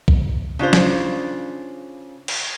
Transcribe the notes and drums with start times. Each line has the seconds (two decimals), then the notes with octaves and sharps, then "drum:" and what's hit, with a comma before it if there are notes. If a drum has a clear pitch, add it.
0.08 drum: kick
0.59 C#3 D4 F4 C5
0.73 drum: snare
2.28 drum: cymbal